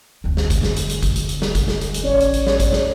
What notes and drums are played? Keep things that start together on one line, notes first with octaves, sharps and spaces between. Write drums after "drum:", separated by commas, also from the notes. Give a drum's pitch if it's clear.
F1 D2
drum: snare
drum: kick G#1, hi-hat
drum: snare
drum: hi-hat
drum: hi-hat
drum: kick G#1, hi-hat
drum: hi-hat
drum: hi-hat
drum: snare
drum: kick G#1, hi-hat
drum: snare
drum: hi-hat
drum: hi-hat
A1 C#4 C#5 D5
drum: hi-hat
drum: hi-hat
drum: snare
drum: kick G#1, hi-hat
drum: snare